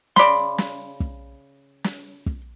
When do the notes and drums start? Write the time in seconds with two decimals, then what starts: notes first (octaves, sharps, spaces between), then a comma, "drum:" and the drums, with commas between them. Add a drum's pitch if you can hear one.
0.16 C#3 D5 B5 C6, drum: snare
0.58 drum: snare
1.00 drum: kick
1.84 drum: snare
2.26 drum: kick